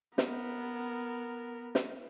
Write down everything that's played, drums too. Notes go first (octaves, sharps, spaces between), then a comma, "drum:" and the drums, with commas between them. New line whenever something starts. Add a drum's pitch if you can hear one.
B3 A#4, drum: snare
drum: snare